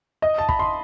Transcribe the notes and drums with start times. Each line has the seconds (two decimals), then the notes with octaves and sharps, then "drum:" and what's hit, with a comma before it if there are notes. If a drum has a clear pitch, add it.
0.22 D#5 D#6
0.38 A5
0.49 B5, drum: kick
0.59 C6